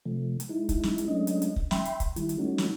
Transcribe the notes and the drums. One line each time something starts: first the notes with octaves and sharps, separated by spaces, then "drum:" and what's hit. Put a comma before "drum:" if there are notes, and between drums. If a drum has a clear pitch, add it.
C3 F3 A3
drum: hi-hat
G#3 D#4 E4
drum: kick, hi-hat
drum: snare
drum: hi-hat
F#3 G#3 A3 C#4 D4 D#5
drum: hi-hat
drum: hi-hat
drum: kick
E5 G5 B5 C6, drum: snare
drum: hi-hat
drum: kick, hi-hat
D#3 G3 E4, drum: hi-hat
drum: hi-hat
G3 A3 C#4 D#4 F#4
drum: snare